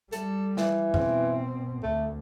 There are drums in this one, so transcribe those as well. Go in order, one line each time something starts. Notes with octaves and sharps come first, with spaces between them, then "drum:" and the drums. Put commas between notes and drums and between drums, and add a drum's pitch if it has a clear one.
G3 A4, drum: hi-hat
E3, drum: snare
B2 C4, drum: tom F2
D2 A3